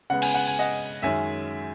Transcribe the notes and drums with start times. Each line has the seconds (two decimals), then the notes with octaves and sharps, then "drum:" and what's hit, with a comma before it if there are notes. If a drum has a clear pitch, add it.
0.10 C#3 G#3 B3 F#5
0.22 G#5, drum: cymbal
0.34 F#5
0.47 G#5
0.59 D#5 F#5
1.03 F#2 D#3 G#3 C#4 E5 G#5